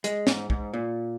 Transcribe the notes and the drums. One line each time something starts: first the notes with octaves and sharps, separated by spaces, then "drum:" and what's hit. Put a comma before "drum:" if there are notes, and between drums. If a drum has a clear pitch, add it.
G#3, drum: hi-hat
G#2, drum: snare
G#2, drum: kick
A#2